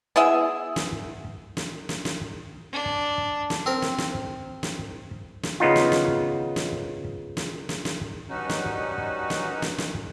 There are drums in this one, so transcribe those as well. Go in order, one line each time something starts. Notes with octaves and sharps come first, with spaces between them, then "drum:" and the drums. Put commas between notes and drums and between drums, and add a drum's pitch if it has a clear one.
B3 E4 G#4 E5
drum: snare
drum: kick
drum: kick
drum: snare
drum: snare
drum: snare
drum: kick
D4
drum: kick
drum: kick
drum: snare
C4 A#4
drum: snare
drum: snare
drum: kick
drum: snare
drum: kick
drum: kick
drum: snare
C#3 B3 D#4 F4
drum: snare
drum: snare
drum: kick
drum: snare
drum: kick
drum: kick
drum: snare
drum: snare
drum: snare
drum: kick
G2 C#4 D#4 F#4
drum: snare
drum: kick
drum: kick
drum: snare
drum: snare
drum: snare
drum: kick